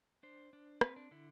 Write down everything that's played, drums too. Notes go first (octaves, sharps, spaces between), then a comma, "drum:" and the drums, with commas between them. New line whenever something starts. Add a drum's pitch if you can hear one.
D4 C5
D4
C4 B4, drum: rim click
D4
D3 E4